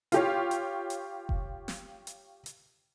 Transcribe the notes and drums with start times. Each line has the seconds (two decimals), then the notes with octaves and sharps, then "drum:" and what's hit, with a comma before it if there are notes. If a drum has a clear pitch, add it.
0.12 F4 G4 C#5, drum: hi-hat
0.51 drum: hi-hat
0.90 drum: hi-hat
1.29 drum: kick F1
1.68 drum: snare
2.07 drum: hi-hat
2.46 drum: hi-hat